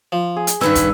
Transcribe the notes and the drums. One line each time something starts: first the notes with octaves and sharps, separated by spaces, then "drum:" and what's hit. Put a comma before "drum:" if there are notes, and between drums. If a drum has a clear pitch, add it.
F3
G#4
drum: hi-hat
G2 D#3 C#4 G#4 B4 E6
drum: kick, hi-hat